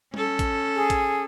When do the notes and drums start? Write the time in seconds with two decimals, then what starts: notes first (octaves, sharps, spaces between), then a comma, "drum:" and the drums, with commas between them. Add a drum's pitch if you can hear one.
0.14 C#4 A4, drum: tom G3
0.39 drum: kick, hi-hat
0.75 G#4
0.90 drum: kick, hi-hat